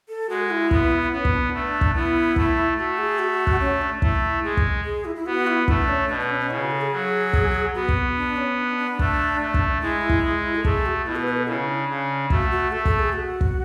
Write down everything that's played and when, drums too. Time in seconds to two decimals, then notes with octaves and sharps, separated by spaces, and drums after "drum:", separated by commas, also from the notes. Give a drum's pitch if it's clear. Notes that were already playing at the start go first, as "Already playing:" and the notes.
0.09 A4
0.29 G#3 F#4
0.50 E4
0.71 B3, drum: kick
1.12 B3 C#4
1.25 E4, drum: kick
1.33 D4
1.54 A3 D4
1.81 drum: kick
1.95 B3 E4
2.36 A3, drum: kick
2.78 A3 F#4
2.98 G#4
3.19 F#4
3.47 drum: kick
3.60 C#4
3.81 D4
4.02 A3 E4, drum: kick
4.43 G#3 G#4
4.57 drum: kick
4.84 G#4
5.05 E4
5.16 E4
5.26 B3 F#4
5.47 E4
5.68 A3 D4, drum: kick
5.89 C#4
6.09 B2 D4
6.20 D4
6.30 C#4
6.40 C#4
6.50 C#3 E4
6.61 F#4
6.71 A4
6.81 G#4
6.92 F#3
7.33 drum: kick
7.75 B3 F#4
7.89 drum: kick
8.16 D4
8.37 C#4
8.58 D4
8.78 D4
8.99 A3, drum: kick
9.41 A3
9.54 drum: kick
9.82 G#3 E4
10.09 drum: kick
10.23 G#3
10.55 A4
10.65 A3 G#4, drum: kick
10.86 F#4
11.06 B2 E4
11.16 B4
11.26 B4
11.37 A4
11.47 C#3 E4
11.68 D4
11.89 C#3
12.30 A3 F#4, drum: kick
12.51 F#4
12.72 A3 A4
12.85 A4, drum: kick
12.99 G#4
13.13 F#4
13.41 drum: kick